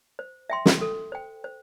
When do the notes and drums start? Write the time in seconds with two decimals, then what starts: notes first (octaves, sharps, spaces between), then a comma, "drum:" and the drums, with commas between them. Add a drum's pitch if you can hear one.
0.19 C5
0.50 E5 G5 C6
0.66 drum: snare
0.81 A4
1.12 C5 G5
1.44 C5